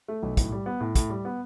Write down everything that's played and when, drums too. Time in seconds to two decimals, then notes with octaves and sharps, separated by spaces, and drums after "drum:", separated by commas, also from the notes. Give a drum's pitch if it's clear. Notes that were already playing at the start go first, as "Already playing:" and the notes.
0.08 A3
0.23 B1
0.37 A2, drum: kick, hi-hat
0.52 G3
0.66 B3
0.80 A2
0.95 A2, drum: kick, hi-hat
1.10 G3
1.25 B3